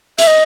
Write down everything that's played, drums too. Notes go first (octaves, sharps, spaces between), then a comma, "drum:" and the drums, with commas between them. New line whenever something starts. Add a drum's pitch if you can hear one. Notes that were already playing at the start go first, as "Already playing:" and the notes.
E5, drum: hi-hat
D#5